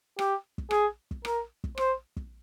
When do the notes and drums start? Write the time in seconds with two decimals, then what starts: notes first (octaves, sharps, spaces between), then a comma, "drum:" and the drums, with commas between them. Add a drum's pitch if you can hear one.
0.19 G4, drum: rim click
0.58 drum: kick
0.71 G#4, drum: rim click
1.11 drum: kick
1.25 A#4, drum: rim click
1.64 drum: kick
1.77 C5, drum: rim click
2.17 drum: kick